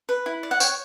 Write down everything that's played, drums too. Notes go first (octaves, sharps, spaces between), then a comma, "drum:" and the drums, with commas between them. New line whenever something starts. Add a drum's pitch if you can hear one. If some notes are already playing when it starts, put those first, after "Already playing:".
B4
E4
D5
F#5
C#5 G5, drum: tambourine